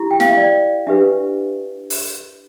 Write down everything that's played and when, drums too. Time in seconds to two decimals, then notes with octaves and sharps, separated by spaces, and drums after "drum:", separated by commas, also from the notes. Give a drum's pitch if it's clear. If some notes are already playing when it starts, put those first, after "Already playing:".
Already playing: E4 G4
0.11 G5
0.20 F5, drum: snare
0.29 E5
0.37 D5
0.87 D4 G4 B4 E5
1.90 drum: open hi-hat